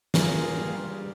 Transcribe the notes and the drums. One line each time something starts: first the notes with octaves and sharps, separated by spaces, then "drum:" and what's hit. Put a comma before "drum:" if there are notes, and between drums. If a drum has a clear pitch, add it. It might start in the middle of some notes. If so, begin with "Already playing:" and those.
A#3 F4 G#4, drum: snare
G3